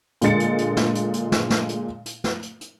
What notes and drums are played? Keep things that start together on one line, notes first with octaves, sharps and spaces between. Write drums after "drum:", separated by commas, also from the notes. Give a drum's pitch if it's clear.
A#2 D3 G#3 A6 C#7, drum: hi-hat
drum: hi-hat
drum: hi-hat
drum: snare
drum: hi-hat
drum: hi-hat
drum: snare
drum: snare
drum: hi-hat
drum: hi-hat
drum: snare
drum: hi-hat
drum: hi-hat